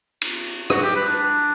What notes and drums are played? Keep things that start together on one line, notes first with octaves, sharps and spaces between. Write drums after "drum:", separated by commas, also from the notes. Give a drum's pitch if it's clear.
drum: cymbal
F#4, drum: rim click
G4
B4
D4